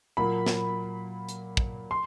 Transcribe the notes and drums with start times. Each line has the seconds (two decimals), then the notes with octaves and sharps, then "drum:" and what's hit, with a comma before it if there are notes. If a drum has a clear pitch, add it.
0.17 A#2 F#3 A#3 B5
0.46 drum: snare
1.29 drum: hi-hat
1.57 drum: kick
1.91 C6